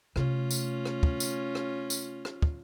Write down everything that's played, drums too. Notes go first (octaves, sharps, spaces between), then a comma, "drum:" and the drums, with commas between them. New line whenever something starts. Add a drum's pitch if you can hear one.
C3 A3 C#4 F4, drum: rim click
drum: tambourine
drum: rim click
drum: kick
drum: tambourine
drum: rim click
drum: tambourine
drum: rim click
drum: kick